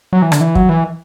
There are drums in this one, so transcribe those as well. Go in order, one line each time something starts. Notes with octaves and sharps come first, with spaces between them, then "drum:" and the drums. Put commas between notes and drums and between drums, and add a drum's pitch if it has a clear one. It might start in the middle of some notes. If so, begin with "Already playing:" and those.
F#3
E3
D3, drum: rim click
E3
F#3, drum: kick
E3